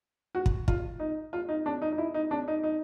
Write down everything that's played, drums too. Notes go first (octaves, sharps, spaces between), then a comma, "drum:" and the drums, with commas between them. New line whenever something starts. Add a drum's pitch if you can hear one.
F#4
drum: kick
F4, drum: kick
D#4
F4
D#4
D4
D#4
D#4
E4
D#4
D4
D#4
D#4